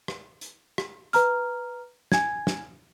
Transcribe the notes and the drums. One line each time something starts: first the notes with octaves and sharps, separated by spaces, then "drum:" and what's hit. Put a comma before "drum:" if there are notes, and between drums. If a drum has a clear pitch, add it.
drum: rim click
drum: hi-hat
drum: rim click
B4 A#5 F6, drum: hi-hat
G#5 G#6, drum: snare
drum: snare